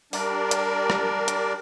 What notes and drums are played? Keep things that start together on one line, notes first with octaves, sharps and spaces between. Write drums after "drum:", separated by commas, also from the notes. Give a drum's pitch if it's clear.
G3 D4 A#4 D5, drum: open hi-hat
drum: hi-hat
drum: rim click
drum: hi-hat